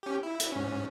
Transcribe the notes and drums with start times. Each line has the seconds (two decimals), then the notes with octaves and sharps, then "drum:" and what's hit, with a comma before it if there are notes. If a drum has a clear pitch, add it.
0.03 C#4 G4
0.23 E4
0.40 drum: hi-hat
0.52 G#2 C#4